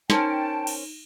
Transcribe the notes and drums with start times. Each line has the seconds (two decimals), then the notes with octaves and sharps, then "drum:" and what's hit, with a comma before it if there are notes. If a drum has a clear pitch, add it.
0.10 C#4 D#4 A#4 C5 G5 A5, drum: snare
0.67 drum: cymbal